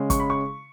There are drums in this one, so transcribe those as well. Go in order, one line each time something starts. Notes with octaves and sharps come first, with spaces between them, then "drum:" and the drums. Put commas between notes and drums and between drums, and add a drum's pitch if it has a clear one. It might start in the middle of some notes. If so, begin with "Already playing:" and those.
Already playing: C#3 G#3 C#4
C#6, drum: kick, hi-hat
B5
C#6